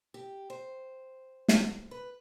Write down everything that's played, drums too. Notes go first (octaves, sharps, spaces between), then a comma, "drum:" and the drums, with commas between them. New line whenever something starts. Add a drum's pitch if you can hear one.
G4
C5
drum: snare
B4